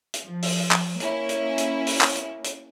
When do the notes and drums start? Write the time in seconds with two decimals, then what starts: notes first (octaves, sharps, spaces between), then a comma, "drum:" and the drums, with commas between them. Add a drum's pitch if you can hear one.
0.14 drum: hi-hat
0.24 F3
0.42 drum: open hi-hat
0.71 drum: clap
1.00 A#3 C#4 E4, drum: hi-hat
1.29 drum: hi-hat
1.58 drum: hi-hat
1.87 drum: open hi-hat
2.01 drum: clap
2.15 drum: hi-hat
2.44 drum: hi-hat